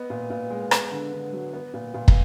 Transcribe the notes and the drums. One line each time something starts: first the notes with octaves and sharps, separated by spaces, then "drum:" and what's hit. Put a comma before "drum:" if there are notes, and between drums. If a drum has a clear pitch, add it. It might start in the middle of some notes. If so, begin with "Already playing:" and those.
Already playing: B3 D#5
A#2
A#2
G#3
B3, drum: rim click
D3
D3
F#3
B3
A#2
A#2
drum: kick